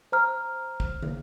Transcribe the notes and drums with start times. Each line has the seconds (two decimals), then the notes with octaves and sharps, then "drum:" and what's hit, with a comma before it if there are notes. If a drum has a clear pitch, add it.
0.12 C5 A#5 F6
0.80 drum: kick
1.02 drum: tom